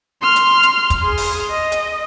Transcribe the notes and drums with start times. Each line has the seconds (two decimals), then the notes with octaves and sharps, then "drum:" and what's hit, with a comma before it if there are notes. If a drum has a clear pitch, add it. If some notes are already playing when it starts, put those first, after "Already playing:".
0.22 C6 F6
0.36 drum: hi-hat
0.63 drum: hi-hat
0.90 drum: kick, hi-hat
1.00 G#4 C6
1.17 drum: open hi-hat
1.51 D#5
1.72 drum: hi-hat